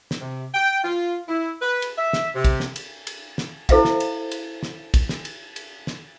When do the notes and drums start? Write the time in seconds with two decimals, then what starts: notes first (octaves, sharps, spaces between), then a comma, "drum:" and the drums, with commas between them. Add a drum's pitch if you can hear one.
0.11 drum: snare
0.21 C3
0.54 G5
0.84 F4
1.29 E4
1.62 B4
1.82 drum: cymbal
1.98 E5
2.13 drum: snare
2.35 C3
2.45 drum: kick, cymbal
2.60 drum: snare
2.76 drum: cymbal
3.07 drum: cymbal
3.38 drum: snare
3.69 E4 A4 C5 E5 F5, drum: kick, cymbal
3.85 drum: snare
4.00 drum: cymbal
4.31 drum: cymbal
4.63 drum: snare
4.94 drum: kick, cymbal
5.09 drum: snare
5.25 drum: cymbal
5.56 drum: cymbal
5.87 drum: snare